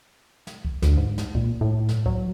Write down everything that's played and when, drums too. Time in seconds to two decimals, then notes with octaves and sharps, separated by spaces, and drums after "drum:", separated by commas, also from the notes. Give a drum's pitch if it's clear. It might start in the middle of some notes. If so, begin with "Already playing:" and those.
0.47 drum: snare
0.65 drum: kick C2
0.82 D2, drum: snare
0.97 G#2
1.18 drum: snare
1.35 A#2, drum: kick C2
1.61 A2
1.89 drum: snare
2.06 F#3, drum: kick C2